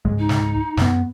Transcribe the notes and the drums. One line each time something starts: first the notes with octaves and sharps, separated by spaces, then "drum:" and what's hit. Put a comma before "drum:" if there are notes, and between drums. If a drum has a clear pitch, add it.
C#2 G#2 G#3
D#4
drum: snare
F#2 B3, drum: snare